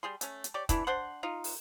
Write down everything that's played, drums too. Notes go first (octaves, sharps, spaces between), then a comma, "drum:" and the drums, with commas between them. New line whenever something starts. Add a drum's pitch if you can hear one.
G3 G#4 C6
A3 C#4, drum: hi-hat
drum: hi-hat
G4 C#5 D5
E3 D4 E4, drum: kick, hi-hat
D4 C5 F#5 C6
D#4 F4
drum: open hi-hat